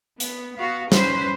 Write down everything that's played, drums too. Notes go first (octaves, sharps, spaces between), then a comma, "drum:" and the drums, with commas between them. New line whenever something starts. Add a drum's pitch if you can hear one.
B3, drum: hi-hat
B3 F#4 F5
C#4 B4 C5, drum: snare